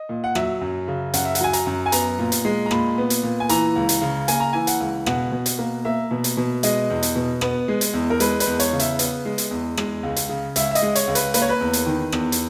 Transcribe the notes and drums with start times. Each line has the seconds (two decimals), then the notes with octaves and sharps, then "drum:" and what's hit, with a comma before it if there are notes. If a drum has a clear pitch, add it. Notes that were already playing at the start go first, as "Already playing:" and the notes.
Already playing: D#5
0.09 A#2
0.24 F#5
0.35 F#3 E5, drum: rim click
0.61 F#2
0.88 C#3
1.14 F#2 F#5, drum: hi-hat
1.25 E5
1.35 F#5, drum: hi-hat
1.41 F#3 G#5
1.53 A#5, drum: hi-hat
1.67 F#2
1.86 G#5
1.92 B3 A#5, drum: hi-hat
2.19 A#2
2.32 drum: hi-hat
2.45 G#3
2.66 A#5
2.71 A#2 B5, drum: rim click
2.98 B3
3.10 drum: hi-hat
3.23 A#2
3.40 G#5
3.49 E3 A#5, drum: hi-hat
3.76 C#2
3.89 drum: hi-hat
4.02 C#3
4.28 A#3 G#5, drum: hi-hat
4.40 A#5
4.53 E3 G#5
4.67 F#5, drum: hi-hat
4.80 C#2
5.06 B2 F#5, drum: rim click
5.32 B2
5.46 drum: hi-hat
5.59 A#3
5.85 A#3 E5
6.11 B2
6.24 drum: hi-hat
6.37 B2
6.63 G#3 D#5, drum: hi-hat
6.90 E2
7.03 drum: hi-hat
7.16 B2
7.41 B3, drum: rim click
7.68 G#3
7.81 drum: hi-hat
7.94 E2
8.10 A#4
8.20 G#3 B4, drum: hi-hat
8.40 B4, drum: hi-hat
8.46 E2
8.60 C#5, drum: hi-hat
8.73 C#3
8.79 E5, drum: hi-hat
8.99 B3, drum: hi-hat
9.25 G#3
9.38 drum: hi-hat
9.51 E2
9.77 G#3, drum: rim click
10.03 C#2
10.16 drum: hi-hat
10.29 C#3
10.56 C#2 E5, drum: hi-hat
10.71 E5
10.75 D#5, drum: hi-hat
10.82 G#3
10.95 C#5, drum: hi-hat
11.08 C#2
11.15 B4, drum: hi-hat
11.34 A#3 B4, drum: hi-hat
11.42 C#5
11.49 B4
11.61 E2
11.73 drum: hi-hat
11.86 D#3
12.12 E2, drum: rim click
12.32 drum: hi-hat